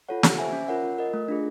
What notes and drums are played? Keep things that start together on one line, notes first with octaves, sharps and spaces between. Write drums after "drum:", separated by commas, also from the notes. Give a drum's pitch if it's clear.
F4 A4 C#5 F#5
G4, drum: snare
C5 E5 G#5
C#4
F4 A#4 C#5 F#5
F4
A#4 D#5
A3
D4 F4 G#4